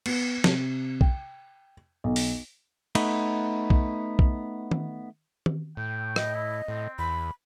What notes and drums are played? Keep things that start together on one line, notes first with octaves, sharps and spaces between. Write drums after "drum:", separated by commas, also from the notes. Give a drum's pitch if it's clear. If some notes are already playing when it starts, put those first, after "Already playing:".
B3, drum: cymbal
C3, drum: snare
G5, drum: kick B1
B1
drum: open hi-hat
A3 B3 D#4, drum: cymbal
drum: kick B1
drum: kick B1
drum: tom D#3
drum: tom D#3
A2 G5
D#5, drum: rim click
E4
A2 C4
E2 B5